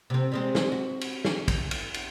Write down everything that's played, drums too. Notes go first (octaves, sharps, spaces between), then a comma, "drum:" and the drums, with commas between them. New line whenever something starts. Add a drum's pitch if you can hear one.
C3 C4
G3 G#3 C4
drum: snare
F#4
drum: cymbal
drum: snare
drum: kick, cymbal
drum: cymbal
drum: cymbal